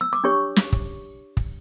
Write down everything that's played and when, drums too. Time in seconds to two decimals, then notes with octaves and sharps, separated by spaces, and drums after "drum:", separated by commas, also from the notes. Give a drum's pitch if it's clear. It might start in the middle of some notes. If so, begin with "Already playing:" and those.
0.01 E6
0.13 D6
0.24 D4 G4 C#5 C#6
0.56 drum: snare
0.72 drum: kick
1.37 drum: kick